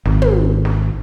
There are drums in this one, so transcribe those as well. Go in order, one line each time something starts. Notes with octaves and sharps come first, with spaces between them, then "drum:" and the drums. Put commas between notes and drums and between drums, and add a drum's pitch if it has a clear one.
G#1, drum: snare
drum: tom
drum: snare